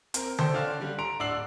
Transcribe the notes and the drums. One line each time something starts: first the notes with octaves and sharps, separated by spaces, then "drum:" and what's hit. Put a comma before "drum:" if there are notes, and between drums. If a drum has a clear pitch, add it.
C4 A#4, drum: hi-hat
A4 C5 D5 G5, drum: tom D3
D3 C#4 D5 F5 F6 E7
D3 G3
A#5 C6 D7 F7
D1 D4 F#5 E6 C7 F#7